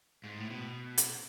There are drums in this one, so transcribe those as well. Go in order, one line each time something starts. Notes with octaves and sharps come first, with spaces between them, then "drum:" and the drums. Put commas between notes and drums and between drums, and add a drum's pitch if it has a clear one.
G#2
A2
B2
drum: hi-hat